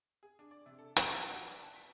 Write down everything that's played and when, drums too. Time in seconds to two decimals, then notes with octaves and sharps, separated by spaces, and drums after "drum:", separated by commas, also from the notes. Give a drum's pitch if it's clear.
0.23 G#4
0.39 D4
0.51 D5
0.66 C3
0.78 A4
0.96 G4, drum: hi-hat
1.08 F3
1.21 F#5
1.34 F#4
1.47 D5
1.62 A5
1.76 B6